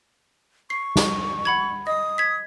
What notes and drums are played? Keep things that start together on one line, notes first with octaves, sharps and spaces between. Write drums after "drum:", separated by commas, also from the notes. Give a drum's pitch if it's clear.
C#6 C7
drum: snare
F#5 B5 G#6
D#5 D#6
G#6 B6